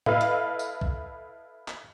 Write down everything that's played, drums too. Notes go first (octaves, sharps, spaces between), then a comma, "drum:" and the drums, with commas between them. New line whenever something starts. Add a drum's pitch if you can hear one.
E4 A4 B4 D#5 F5, drum: tom A2
drum: hi-hat
drum: tambourine
drum: kick B1
drum: clap